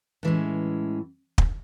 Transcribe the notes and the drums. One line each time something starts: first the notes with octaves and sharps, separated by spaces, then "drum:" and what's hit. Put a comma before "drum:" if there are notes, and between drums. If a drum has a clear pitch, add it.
A2 E3 G#3 C#4
drum: kick